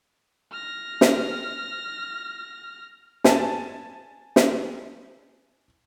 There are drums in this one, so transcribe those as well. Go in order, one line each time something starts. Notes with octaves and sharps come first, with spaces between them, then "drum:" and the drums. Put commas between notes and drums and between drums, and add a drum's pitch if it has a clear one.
F6 A#6
drum: snare
G#5 A5, drum: snare
drum: snare